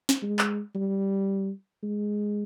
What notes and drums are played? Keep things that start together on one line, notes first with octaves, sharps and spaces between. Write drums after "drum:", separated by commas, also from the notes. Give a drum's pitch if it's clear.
drum: snare
G#3
drum: clap
G3
G#3